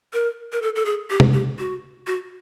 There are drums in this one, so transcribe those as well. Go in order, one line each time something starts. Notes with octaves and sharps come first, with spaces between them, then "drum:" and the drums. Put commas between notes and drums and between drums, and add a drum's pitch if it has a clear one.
A#4
A#4
A4
A4
G#4
G4
drum: tom C3
G4
F#4
F#4